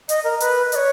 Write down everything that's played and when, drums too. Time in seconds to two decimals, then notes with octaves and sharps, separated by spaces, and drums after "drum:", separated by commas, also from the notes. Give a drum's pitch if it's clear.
0.09 D#5, drum: hi-hat
0.24 A#4
0.40 B4, drum: hi-hat
0.72 D#5, drum: hi-hat
0.76 C#5